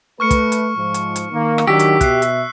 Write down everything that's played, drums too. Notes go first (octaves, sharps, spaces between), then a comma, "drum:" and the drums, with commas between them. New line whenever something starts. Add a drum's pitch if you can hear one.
A3 B4 C#6 F6 C#7
drum: kick, hi-hat
drum: hi-hat
G#2 F3
drum: hi-hat
drum: hi-hat
D#3 A#3
drum: rim click
D#3 F#3 D4 G4 E6 B6
drum: hi-hat
B2 E5 F#6 C7, drum: kick, hi-hat
drum: hi-hat